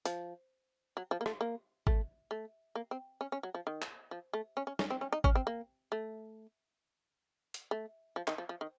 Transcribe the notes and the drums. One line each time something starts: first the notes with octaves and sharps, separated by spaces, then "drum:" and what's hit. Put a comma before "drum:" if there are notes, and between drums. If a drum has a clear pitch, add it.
F3, drum: hi-hat
F#3
F3
A#3
A3, drum: rim click
A#3
A3, drum: kick G#1
A3
A#3
C4
C#4
C#4
F#3
F3
D#3
drum: clap
F3
A3
C#4
C#4
C#4, drum: snare
C4
C#4
D#4
C#4, drum: kick G#1
C4
A#3
A3
drum: hi-hat
A3
F3
D#3, drum: clap
F3
F3
D#3